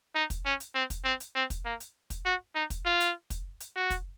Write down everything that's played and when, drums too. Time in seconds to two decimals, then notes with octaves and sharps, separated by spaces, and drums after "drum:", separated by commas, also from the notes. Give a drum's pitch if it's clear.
0.15 D#4
0.30 drum: kick, hi-hat
0.45 C#4
0.60 drum: hi-hat
0.75 C4
0.90 drum: kick, hi-hat
1.05 C4
1.20 drum: hi-hat
1.35 C4
1.50 drum: kick, hi-hat
1.65 A#3
1.80 drum: hi-hat
2.10 drum: kick, hi-hat
2.25 F#4
2.55 D#4
2.70 drum: kick, hi-hat
2.85 F4
3.00 drum: hi-hat
3.30 drum: kick, hi-hat
3.60 drum: hi-hat
3.76 F#4
3.90 drum: kick, hi-hat